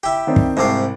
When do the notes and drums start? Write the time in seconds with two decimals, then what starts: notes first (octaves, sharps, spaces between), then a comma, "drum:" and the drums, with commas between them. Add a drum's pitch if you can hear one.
0.03 E4 G4 G5
0.27 D#3 C4 D4
0.36 drum: kick
0.57 C2 G#2 C3 F5 A5 D6